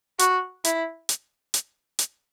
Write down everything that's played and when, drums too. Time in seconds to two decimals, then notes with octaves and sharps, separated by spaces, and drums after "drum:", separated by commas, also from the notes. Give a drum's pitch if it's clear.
0.19 F#4, drum: hi-hat
0.64 E4, drum: hi-hat
1.09 drum: hi-hat
1.54 drum: hi-hat
1.99 drum: hi-hat